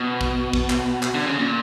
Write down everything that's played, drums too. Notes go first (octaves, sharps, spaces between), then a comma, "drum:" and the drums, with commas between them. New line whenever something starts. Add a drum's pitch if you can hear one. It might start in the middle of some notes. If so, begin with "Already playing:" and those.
Already playing: B2
drum: kick
drum: kick
drum: clap
drum: clap
D3
C#3
A#2